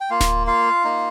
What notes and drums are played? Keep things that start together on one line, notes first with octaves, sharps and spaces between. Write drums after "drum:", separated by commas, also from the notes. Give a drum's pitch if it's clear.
G5
A#3 F4 F5
drum: snare D1
F4 F5
A#3 D#4